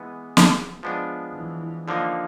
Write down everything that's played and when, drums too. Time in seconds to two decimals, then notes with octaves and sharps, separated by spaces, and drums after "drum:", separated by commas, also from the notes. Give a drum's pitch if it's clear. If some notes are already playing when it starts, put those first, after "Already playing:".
Already playing: E3 G#3 B3
0.37 drum: snare
0.83 F3 G#3 B3 D4
1.34 E3
1.88 D3 F3 A#3 D#4